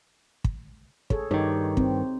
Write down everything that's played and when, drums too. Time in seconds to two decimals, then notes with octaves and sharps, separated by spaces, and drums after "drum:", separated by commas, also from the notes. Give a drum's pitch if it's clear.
0.44 drum: kick
1.10 G#4 A4 C#5, drum: kick
1.31 G2 D#3 D#4 G4 C#5
1.77 C4, drum: kick